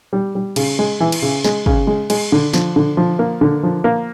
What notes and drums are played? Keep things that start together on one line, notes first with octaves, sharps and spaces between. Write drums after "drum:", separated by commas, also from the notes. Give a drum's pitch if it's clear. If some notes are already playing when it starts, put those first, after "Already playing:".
G3
G3
C#3, drum: cymbal
G#3
E3
drum: cymbal
C#3
G#3, drum: snare
C#3, drum: kick
G#3
G#3, drum: cymbal
D3
F3, drum: snare
D3
F3
A#3
D3
F3
A#3